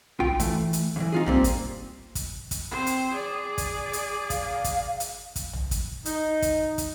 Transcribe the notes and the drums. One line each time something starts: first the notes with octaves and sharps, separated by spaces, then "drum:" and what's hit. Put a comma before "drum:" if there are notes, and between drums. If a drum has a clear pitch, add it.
F4 G5, drum: tom
E3 A3, drum: kick, hi-hat
drum: hi-hat
E2 E3
D#4 F4 G#4
G3 A#3 C4, drum: tom
drum: kick, hi-hat
drum: kick, hi-hat
drum: kick, hi-hat
C4 C5
drum: hi-hat
G#4 D5
drum: kick, hi-hat
drum: hi-hat
F5, drum: kick, hi-hat
drum: kick, hi-hat
drum: hi-hat
drum: kick, hi-hat
drum: tom
drum: kick, hi-hat
D#4, drum: hi-hat
drum: kick, hi-hat
drum: kick, hi-hat